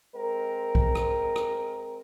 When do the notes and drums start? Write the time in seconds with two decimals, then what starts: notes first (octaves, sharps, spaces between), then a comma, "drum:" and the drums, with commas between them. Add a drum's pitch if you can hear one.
0.14 G#3 C4 A#4
0.75 drum: kick B1
0.95 drum: rim click
1.36 drum: rim click